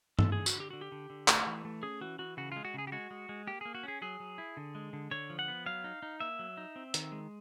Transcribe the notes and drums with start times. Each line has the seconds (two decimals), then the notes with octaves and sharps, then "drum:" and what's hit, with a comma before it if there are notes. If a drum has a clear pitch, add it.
0.19 D3 A4, drum: tom G2
0.32 D3 G#4
0.46 F#4, drum: tambourine
0.55 D3 G4
0.70 D3 F#4
0.81 G4
0.92 D3
1.10 D3
1.28 A3, drum: clap
1.46 E3
1.65 A3
1.83 C#4 G#4
2.01 E3 F#4
2.19 E3 F#4
2.37 C#3 F#4
2.52 G#3 F4
2.65 F#4
2.74 C#3 G#4
2.87 G4
2.92 G#3 F#4
3.11 G#3
3.29 G#3
3.47 A#3 G4
3.61 A#3 G#4
3.75 F#4
3.83 C#4 G#4
4.02 F#3 G#4
4.20 F#3
4.38 E4
4.57 D3
4.75 G#3
4.93 D3
5.11 D3 C#5
5.30 F3
5.39 F#5
5.48 B3
5.66 F#3 F5
5.84 D#4
6.02 D#4
6.20 A#3 E5
6.39 F#3
6.57 D#4
6.76 C4
6.94 D#3, drum: hi-hat
7.12 G#3